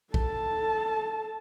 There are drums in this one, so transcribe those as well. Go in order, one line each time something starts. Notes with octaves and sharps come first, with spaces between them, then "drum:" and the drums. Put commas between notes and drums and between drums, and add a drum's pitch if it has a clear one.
A4 A5, drum: kick